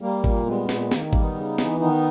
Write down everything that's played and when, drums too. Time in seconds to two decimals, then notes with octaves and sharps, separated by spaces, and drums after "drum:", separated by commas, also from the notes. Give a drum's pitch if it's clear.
0.01 G3 A#3
0.24 A#2, drum: kick G#1
0.46 G3 G#3 B3
0.69 A#2, drum: snare
0.91 D#3 A#3, drum: snare
1.06 A#3
1.13 G3, drum: kick G#1
1.21 B3 D#4
1.35 C#3
1.58 E3, drum: snare
1.80 D#3 B3 D#4